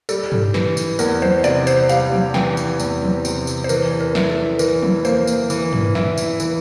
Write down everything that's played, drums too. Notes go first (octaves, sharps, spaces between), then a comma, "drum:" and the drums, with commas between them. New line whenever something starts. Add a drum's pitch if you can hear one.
G3 A4, drum: tambourine
drum: tom G2
E3, drum: snare
drum: tambourine
E2 A#4, drum: tambourine
C5, drum: tom E3
C3 D5, drum: tambourine
C5, drum: tambourine
G3 F5, drum: tambourine
drum: tom E3
E3 G5, drum: snare
drum: tambourine
E2, drum: tambourine
drum: tom E3
C3, drum: tambourine
drum: tambourine
C5
E3 A#4, drum: tambourine
A#4
E4, drum: snare
A4
E3 A#4, drum: tambourine
drum: tom E3
A#3 C5, drum: tambourine
drum: tambourine
E3, drum: tambourine
drum: tom G2
E4, drum: snare
drum: tambourine
E3, drum: tambourine